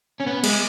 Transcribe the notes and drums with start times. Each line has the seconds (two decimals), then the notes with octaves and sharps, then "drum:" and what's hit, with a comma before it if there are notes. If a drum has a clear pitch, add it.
0.20 C#4
0.27 B3
0.44 G#3, drum: cymbal